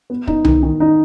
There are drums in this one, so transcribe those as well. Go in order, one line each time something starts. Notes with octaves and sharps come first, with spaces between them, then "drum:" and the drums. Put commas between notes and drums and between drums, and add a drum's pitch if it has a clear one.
B3
D#4, drum: kick
D#3, drum: tom C2
D#3
D#4